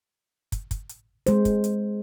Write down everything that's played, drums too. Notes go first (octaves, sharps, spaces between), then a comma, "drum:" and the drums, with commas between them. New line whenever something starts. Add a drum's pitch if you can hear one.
drum: kick, hi-hat
drum: kick, hi-hat
drum: hi-hat
G#3 C5, drum: hi-hat
drum: kick, hi-hat
drum: hi-hat